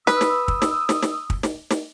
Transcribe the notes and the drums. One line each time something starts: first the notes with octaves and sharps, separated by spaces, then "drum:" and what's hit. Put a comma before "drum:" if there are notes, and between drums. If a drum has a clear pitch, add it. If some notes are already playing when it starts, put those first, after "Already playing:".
B4 D#6 E6, drum: snare
drum: snare
drum: kick
drum: snare
drum: snare
drum: snare
drum: kick
drum: snare
drum: snare